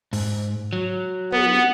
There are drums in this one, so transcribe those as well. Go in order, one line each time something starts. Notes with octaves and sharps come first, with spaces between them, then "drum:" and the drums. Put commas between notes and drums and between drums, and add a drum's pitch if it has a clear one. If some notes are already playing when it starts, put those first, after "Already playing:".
G#2, drum: open hi-hat
F#3
B3, drum: tom